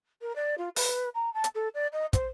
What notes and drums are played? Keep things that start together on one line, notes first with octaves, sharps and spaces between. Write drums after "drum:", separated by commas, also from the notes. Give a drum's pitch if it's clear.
A#4
D5
F4
B4, drum: open hi-hat
A#5
A5
drum: hi-hat
A4
D5
D#5
C5, drum: kick, hi-hat